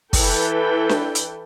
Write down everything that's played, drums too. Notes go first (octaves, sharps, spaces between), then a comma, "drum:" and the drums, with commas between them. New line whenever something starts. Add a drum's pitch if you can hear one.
E3 A4 B4 G5, drum: kick, open hi-hat
drum: snare D4
drum: hi-hat